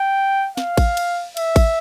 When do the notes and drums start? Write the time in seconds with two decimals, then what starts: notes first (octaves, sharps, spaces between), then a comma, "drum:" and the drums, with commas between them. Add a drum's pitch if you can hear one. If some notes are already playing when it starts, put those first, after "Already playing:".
Already playing: G5
0.57 F5, drum: snare
0.77 drum: kick A1, cymbal
0.97 drum: cymbal
1.37 E5, drum: cymbal
1.56 drum: kick A1, cymbal